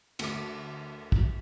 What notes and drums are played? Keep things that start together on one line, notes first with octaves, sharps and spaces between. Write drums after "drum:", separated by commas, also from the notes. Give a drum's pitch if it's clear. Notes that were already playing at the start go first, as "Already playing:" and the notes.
D2 A3 D6, drum: cymbal
drum: kick